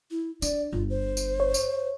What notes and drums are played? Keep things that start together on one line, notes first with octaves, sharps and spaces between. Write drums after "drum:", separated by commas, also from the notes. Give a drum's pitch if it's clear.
E4
D4 D5, drum: tambourine
G1 F4
C5
drum: tambourine
C#5
drum: tambourine